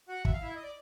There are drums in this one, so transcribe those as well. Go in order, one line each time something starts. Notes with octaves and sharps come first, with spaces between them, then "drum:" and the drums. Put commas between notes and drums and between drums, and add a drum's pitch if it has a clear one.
F#4 F#5
E5, drum: kick
F5
E4 E5
D#5
D5